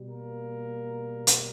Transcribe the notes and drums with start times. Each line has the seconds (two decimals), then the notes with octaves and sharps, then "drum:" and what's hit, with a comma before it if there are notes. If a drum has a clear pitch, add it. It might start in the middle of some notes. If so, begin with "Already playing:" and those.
Already playing: B2 G3
0.09 A#3 A#4
1.27 drum: hi-hat